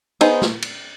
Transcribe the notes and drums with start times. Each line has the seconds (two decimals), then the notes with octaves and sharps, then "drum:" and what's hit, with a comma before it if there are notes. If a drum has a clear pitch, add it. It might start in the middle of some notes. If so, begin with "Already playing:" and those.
0.21 B3 D#4 G#4 C5, drum: cymbal
0.42 drum: snare
0.62 drum: cymbal